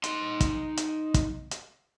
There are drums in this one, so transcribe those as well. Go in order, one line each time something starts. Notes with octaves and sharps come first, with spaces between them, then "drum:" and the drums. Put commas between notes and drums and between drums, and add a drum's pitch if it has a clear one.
D#4 C6, drum: hi-hat
drum: kick, hi-hat
drum: hi-hat
drum: kick, hi-hat
drum: hi-hat